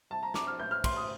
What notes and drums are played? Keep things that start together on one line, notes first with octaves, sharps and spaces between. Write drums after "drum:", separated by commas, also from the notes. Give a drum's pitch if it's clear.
C2 A5
A#5
C4 D6, drum: snare
F6
A1 G6
F6
A1 C6, drum: kick, cymbal
D#6